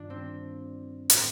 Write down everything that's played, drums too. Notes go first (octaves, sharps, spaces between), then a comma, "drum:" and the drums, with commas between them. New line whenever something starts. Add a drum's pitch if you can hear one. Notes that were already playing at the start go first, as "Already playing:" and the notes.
Already playing: G2 D#3 D4 F4
C4
A2 G3, drum: hi-hat